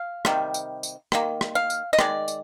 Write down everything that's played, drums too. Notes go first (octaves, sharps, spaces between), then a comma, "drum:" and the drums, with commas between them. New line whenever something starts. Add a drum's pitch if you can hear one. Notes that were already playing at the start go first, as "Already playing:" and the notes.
Already playing: F5
C3 D#3 G3, drum: rim click
drum: tambourine
drum: tambourine
D#3 A#3, drum: rim click
drum: rim click
F5
drum: tambourine
D#5
D#3 G#3 D5, drum: rim click
drum: tambourine